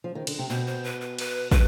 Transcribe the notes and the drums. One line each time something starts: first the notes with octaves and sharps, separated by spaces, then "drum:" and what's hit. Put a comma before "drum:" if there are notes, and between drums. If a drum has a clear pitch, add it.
F3
D#3
D3, drum: cymbal
C3
B2 C5
C5
B4
B4
B4, drum: cymbal
B4, drum: kick